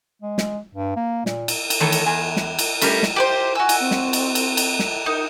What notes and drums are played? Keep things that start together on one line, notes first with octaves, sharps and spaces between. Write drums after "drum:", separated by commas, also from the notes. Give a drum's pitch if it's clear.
G#3
drum: snare
G2
A#3
A#2, drum: snare
drum: cymbal
drum: cymbal
D#3 E3 A3 A4 A#4 C#5
drum: cymbal
E2 G#5
drum: snare
drum: cymbal
G3 A3 C#4 G4 A#4, drum: cymbal
drum: snare
G4 B4 C5
F#4 G#5 E6
drum: cymbal
C4
drum: snare
drum: cymbal
drum: cymbal
drum: cymbal
drum: snare
D#4 A#4